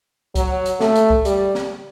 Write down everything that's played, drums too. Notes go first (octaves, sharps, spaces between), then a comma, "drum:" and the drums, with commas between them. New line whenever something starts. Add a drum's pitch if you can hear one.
F#3, drum: kick, hi-hat
drum: hi-hat
A3, drum: snare
drum: hi-hat
drum: kick
G3, drum: hi-hat
drum: snare